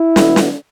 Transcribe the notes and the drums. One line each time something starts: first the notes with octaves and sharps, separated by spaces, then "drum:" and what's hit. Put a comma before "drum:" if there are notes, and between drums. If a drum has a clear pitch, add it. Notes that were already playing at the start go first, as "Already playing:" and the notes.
Already playing: E4
D3 F#3 B3, drum: snare
drum: snare